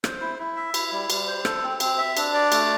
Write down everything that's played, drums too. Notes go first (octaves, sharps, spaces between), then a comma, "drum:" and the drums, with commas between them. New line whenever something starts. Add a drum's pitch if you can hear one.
C5, drum: rim click
E4
E4
E5
E4, drum: cymbal
G3
G3, drum: cymbal
C5
A4, drum: rim click
C4
C4, drum: cymbal
E5
D4, drum: cymbal
D5
A3, drum: cymbal